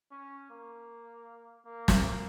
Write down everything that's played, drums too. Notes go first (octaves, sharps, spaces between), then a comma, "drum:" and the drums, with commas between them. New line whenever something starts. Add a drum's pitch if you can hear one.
C#4
A#3
A#3
drum: snare